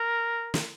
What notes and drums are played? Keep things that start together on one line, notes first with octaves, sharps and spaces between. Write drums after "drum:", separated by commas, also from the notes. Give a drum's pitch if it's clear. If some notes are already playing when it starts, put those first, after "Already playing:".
Already playing: A#4
drum: snare